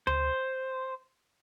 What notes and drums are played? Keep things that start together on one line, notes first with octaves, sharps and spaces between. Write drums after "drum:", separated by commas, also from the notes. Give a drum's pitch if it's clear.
C5, drum: tom D2